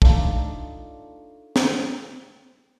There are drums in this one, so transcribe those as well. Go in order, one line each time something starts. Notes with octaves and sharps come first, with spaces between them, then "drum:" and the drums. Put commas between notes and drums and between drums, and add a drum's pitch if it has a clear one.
A3 D4 D#4 F4, drum: kick
drum: snare